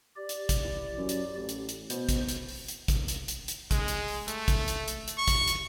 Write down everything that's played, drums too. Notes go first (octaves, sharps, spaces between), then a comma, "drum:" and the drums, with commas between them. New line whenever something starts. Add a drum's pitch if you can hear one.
G4 D5
drum: hi-hat
drum: kick, hi-hat
E3
F#2
drum: hi-hat
A1
drum: hi-hat
drum: hi-hat
B2 C5, drum: hi-hat
drum: kick, hi-hat
drum: hi-hat
drum: open hi-hat
drum: hi-hat
drum: kick, hi-hat
drum: hi-hat
drum: hi-hat
drum: hi-hat
G#3, drum: kick, hi-hat
drum: hi-hat
drum: open hi-hat
A3, drum: hi-hat
drum: kick, hi-hat
drum: hi-hat
drum: hi-hat
drum: hi-hat
C#6
drum: kick, hi-hat
drum: hi-hat